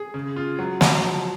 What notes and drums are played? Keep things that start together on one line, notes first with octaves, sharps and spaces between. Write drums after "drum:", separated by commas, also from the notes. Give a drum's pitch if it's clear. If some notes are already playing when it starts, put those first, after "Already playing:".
Already playing: G#4
C#3
F4
F#3
F#3, drum: snare
F3